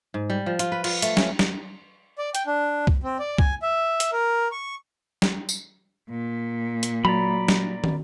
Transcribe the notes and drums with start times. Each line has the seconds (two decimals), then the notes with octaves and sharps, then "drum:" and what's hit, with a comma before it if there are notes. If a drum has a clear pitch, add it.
0.14 G#2
0.30 G3
0.46 F3
0.59 F4, drum: hi-hat
0.72 B4
0.84 F4, drum: cymbal
1.02 A3, drum: hi-hat
1.17 C#4, drum: snare
1.39 drum: snare
2.18 D5
2.35 G5, drum: hi-hat
2.47 D4
2.87 drum: kick C2
3.03 C4
3.19 D5
3.38 G#5, drum: kick C2
3.62 E5
4.00 drum: hi-hat
4.12 A#4
4.52 C#6
5.22 drum: snare
5.49 drum: tambourine
6.10 A#2
6.83 drum: hi-hat
7.05 F#3 D5 A#5 B5
7.48 drum: snare
7.84 drum: tom